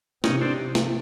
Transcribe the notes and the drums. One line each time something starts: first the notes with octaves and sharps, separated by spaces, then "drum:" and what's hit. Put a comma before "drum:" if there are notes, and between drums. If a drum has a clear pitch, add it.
C3 C#4 D#4, drum: snare
C4 D4
drum: snare